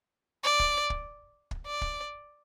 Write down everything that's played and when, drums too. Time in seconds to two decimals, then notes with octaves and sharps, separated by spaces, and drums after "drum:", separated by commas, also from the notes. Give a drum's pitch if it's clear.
0.44 D5
0.60 drum: kick
0.90 drum: kick
1.51 drum: kick
1.67 D5
1.81 drum: kick